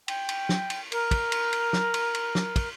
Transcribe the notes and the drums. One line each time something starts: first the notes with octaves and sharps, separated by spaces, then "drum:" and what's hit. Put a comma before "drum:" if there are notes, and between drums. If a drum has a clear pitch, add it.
G5, drum: cymbal
drum: cymbal
drum: snare
drum: cymbal
A#4, drum: cymbal
drum: kick, cymbal
drum: cymbal
drum: cymbal
drum: snare
drum: cymbal
drum: cymbal
drum: snare
drum: kick, cymbal